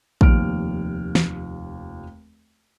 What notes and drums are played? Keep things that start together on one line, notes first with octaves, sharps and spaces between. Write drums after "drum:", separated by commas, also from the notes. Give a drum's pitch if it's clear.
F1 D#2 F3 F6 D7, drum: kick
drum: snare